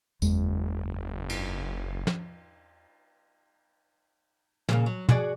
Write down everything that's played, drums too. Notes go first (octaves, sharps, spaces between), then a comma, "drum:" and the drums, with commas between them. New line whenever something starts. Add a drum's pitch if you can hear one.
F#1 E2 G#3, drum: tambourine
drum: cymbal
drum: snare
A#2 C#3 A#3, drum: snare
F#3
F#4 G#4 D5, drum: tom